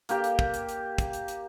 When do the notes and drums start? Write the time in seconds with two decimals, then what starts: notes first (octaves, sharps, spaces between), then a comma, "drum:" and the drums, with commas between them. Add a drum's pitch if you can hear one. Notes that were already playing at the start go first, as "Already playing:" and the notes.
0.09 A#3 G4, drum: hi-hat
0.24 drum: hi-hat
0.39 drum: kick
0.54 drum: hi-hat
0.69 drum: hi-hat
0.98 drum: kick, hi-hat
1.13 drum: hi-hat
1.28 drum: hi-hat